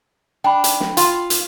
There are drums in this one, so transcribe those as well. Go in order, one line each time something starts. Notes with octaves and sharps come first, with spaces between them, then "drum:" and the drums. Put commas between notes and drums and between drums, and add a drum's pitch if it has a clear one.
D4 G5 B5
drum: hi-hat
drum: snare
F4, drum: hi-hat
drum: hi-hat